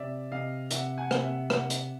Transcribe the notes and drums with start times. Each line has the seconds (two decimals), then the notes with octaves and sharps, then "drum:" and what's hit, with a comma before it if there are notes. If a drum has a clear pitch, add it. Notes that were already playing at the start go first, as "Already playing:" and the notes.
Already playing: C3 D5 E5
0.31 C3 D#5 F5
0.71 C3 E5 F#5, drum: hi-hat
0.97 F#5 G#5
1.11 C3, drum: rim click
1.24 E5 F#5
1.50 C3 E5 F#5, drum: rim click
1.70 drum: hi-hat